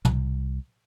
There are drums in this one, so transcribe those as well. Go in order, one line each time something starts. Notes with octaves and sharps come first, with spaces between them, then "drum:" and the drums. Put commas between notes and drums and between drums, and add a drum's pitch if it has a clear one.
C2, drum: tom